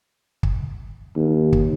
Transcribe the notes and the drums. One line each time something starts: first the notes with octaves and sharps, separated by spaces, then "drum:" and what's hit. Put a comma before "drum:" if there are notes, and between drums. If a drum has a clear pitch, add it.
drum: kick
D#2
drum: kick